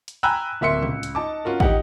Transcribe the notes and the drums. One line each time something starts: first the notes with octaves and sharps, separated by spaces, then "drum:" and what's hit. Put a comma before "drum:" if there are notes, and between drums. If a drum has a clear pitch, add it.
drum: hi-hat
G5 G#5 A#5 B5 E6 F#6
D1 A#3 E5 C6 C#7
C#2, drum: tom
drum: hi-hat
D#4 A5 D6
C#4 F4 F#4 A#4
D#4 G4 F#5, drum: kick